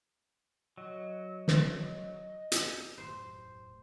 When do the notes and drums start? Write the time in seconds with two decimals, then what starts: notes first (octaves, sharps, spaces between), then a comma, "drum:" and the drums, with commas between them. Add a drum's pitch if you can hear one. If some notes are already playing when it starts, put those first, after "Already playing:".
0.77 F#3 D#5
1.48 drum: snare
2.52 drum: hi-hat
2.98 E1 F#2 A2 C5